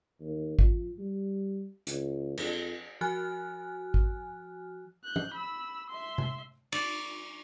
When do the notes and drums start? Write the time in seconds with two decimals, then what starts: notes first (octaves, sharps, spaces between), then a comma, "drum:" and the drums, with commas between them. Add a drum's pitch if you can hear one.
0.21 D#2
0.59 F3, drum: kick G#1
0.99 G3
1.87 C#2, drum: hi-hat
2.37 F2, drum: cymbal
3.01 F3 F#4 G#5 F6 F#6
3.94 drum: kick G#1
5.04 F#6 G6
5.16 drum: tom
5.34 B5 E6
5.90 E5 C6
6.18 drum: tom C3
6.72 D5, drum: cymbal